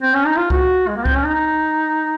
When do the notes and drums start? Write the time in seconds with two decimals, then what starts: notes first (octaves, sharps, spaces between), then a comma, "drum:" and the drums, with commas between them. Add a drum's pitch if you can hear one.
0.02 C4
0.14 C#4
0.26 D#4
0.38 F4
0.50 F#4, drum: kick C#2
0.88 G#3
0.96 A#3
1.05 C4, drum: kick C#2
1.16 C#4
1.24 D#4